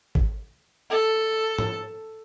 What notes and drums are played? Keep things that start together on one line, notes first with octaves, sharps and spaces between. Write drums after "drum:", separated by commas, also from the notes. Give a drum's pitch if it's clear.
drum: kick
A4
drum: tom G#2